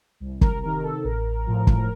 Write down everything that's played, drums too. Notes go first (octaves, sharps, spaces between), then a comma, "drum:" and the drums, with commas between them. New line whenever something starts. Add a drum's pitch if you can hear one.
C2
A#4, drum: kick F#1
C3 D#3 A#4
A4
A1 A#4
A2 F3
drum: kick F#1